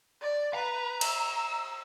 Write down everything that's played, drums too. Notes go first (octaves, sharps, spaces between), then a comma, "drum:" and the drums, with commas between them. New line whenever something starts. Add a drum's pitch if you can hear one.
D5
B4 A#5
E6, drum: cymbal